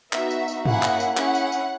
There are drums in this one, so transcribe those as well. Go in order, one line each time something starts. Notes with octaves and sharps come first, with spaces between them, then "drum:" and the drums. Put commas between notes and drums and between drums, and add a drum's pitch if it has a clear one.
B3 D#4 F#4 E5, drum: clap
drum: tambourine
drum: tambourine
A#3 C#4 E4 G#4 F#5, drum: tom
drum: clap
drum: tambourine
C#4 E4 G#4 F#5, drum: clap
drum: tambourine
drum: tambourine